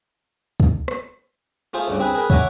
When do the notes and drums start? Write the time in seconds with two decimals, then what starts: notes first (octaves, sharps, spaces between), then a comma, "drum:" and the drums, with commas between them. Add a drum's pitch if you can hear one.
0.60 drum: kick
0.88 drum: rim click
1.73 A3 F4 G#4 C5
1.88 D2 G2 C#3
1.99 C4 G#4 B4
2.15 G#4 A#4 B4
2.30 C#5 E5 F#5 G#5 A#5 D6, drum: kick